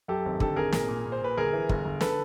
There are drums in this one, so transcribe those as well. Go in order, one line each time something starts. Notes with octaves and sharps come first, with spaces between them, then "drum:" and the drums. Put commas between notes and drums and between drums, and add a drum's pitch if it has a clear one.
F#2 G4 A4
G#1
D3 G4 A4, drum: kick
G#1 G#4 A#4
A#2 G#4 A#4, drum: snare
A#2
A#2
C5
A#2 B4
G1 G#4 A#4
E3
G1, drum: kick
G1
D3 A4 B4, drum: snare